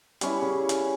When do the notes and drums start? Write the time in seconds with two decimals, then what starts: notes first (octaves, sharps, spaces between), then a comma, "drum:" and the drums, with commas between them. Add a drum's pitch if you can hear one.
0.21 G3 C#4 E4, drum: hi-hat
0.42 C#3
0.69 drum: hi-hat